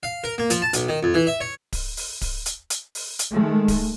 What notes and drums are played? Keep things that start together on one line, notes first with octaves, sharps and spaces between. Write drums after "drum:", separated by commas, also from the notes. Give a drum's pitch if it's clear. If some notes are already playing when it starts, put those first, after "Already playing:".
F5
A#4
A#3
F3, drum: hi-hat
A5
B1, drum: hi-hat
D#3
F2
E3
E5
C#5
drum: kick D1, open hi-hat
drum: open hi-hat
drum: kick D1, open hi-hat
drum: hi-hat
drum: hi-hat
drum: open hi-hat
drum: hi-hat
D#3 G#3 A3
drum: kick D1, open hi-hat